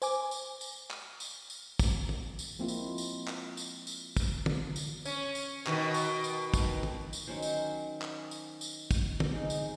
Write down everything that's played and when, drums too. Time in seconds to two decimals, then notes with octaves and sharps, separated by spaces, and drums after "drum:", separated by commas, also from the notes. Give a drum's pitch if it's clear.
0.02 C5 G#5 D6, drum: tambourine
0.31 drum: tambourine
0.61 drum: tambourine
0.91 drum: clap
1.20 drum: tambourine
1.50 drum: tambourine
1.79 drum: kick, tambourine
2.09 drum: tom
2.39 drum: tambourine
2.59 F3 G#3 A#3 C4 E4 F4
2.68 drum: tambourine
2.98 drum: tambourine
3.28 drum: clap
3.57 drum: tambourine
3.87 drum: tambourine
4.17 drum: kick, tambourine
4.46 drum: tom
4.76 drum: tambourine
5.05 C#4, drum: tambourine
5.35 drum: tambourine
5.67 B2 D#3, drum: clap
5.94 drum: tambourine
6.24 drum: tambourine
6.54 drum: kick, tambourine
6.83 drum: tom
7.13 drum: tambourine
7.28 D#3 F#3 C#4 C5
7.42 drum: tambourine
8.02 drum: clap
8.31 drum: tambourine
8.61 drum: tambourine
8.91 drum: kick, tambourine
9.20 drum: tom
9.32 G#3 C4 D#4
9.50 drum: tambourine